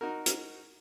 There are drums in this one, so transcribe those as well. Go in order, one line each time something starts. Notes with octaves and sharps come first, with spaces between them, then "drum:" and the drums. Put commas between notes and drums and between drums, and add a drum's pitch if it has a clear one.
D#4 F#4 A#4
drum: hi-hat